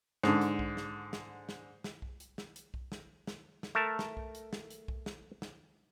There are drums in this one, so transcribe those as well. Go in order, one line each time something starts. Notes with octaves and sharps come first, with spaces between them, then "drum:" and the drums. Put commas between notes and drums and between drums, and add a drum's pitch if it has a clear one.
G#2 D3, drum: snare
drum: hi-hat
drum: kick B1
drum: snare
drum: snare
drum: snare
drum: snare
drum: kick B1
drum: hi-hat
drum: snare
drum: hi-hat
drum: kick B1
drum: snare
drum: snare
drum: snare
A3 A#4 A5
drum: snare
drum: kick B1
drum: hi-hat
drum: snare
drum: hi-hat
drum: kick B1
drum: snare
drum: snare